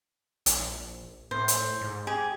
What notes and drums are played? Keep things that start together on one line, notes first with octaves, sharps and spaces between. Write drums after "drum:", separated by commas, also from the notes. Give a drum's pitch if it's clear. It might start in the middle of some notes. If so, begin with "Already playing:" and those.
A#1, drum: hi-hat
A2 C5
drum: hi-hat
G#2
G4 G#4